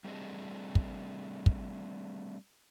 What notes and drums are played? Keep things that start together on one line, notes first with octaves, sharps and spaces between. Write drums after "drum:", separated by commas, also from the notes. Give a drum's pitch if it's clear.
G3 A3 C4 D4 G#4 D#5
drum: kick
drum: kick